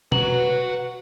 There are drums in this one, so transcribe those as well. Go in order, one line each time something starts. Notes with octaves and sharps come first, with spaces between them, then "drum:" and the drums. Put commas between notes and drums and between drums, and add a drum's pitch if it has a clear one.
F#4 B4 F#5 A#5 F#7, drum: tom B2